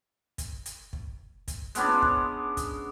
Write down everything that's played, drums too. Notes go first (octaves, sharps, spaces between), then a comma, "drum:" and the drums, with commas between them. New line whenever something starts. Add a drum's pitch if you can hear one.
drum: kick, hi-hat
drum: hi-hat
drum: kick
drum: kick, hi-hat
G#3 B3 C#4 D4, drum: hi-hat
drum: kick
drum: kick, hi-hat